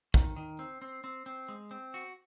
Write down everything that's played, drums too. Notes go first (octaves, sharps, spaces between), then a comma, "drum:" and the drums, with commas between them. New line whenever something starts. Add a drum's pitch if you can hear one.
D#3, drum: kick
D#3
C4
C4
C4
C4
G#3
C4
F#4